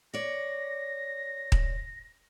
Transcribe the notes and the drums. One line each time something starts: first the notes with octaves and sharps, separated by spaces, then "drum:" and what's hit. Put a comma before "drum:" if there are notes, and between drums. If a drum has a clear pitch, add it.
C#5 D5 A#6
drum: kick D#1